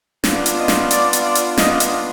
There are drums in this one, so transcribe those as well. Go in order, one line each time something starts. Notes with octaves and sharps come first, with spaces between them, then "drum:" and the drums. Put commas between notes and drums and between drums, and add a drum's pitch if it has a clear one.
B3 D4 F4, drum: snare
drum: hi-hat
D#5
drum: snare
D5, drum: hi-hat
drum: hi-hat
D5
drum: hi-hat
D#5, drum: snare
drum: hi-hat